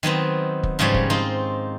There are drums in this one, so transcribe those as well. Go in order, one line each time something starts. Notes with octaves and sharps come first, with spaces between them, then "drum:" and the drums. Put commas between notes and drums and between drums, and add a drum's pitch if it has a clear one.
D#3 F#3 B3 C4
drum: kick
G#2 C#3 F3 G3 C#5
drum: kick
C4 D#4 F4